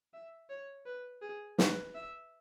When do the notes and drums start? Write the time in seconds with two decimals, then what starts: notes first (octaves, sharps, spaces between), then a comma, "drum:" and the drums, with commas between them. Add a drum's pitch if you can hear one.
0.14 E5
0.50 C#5
0.86 B4
1.22 G#4
1.58 B4, drum: snare
1.95 E5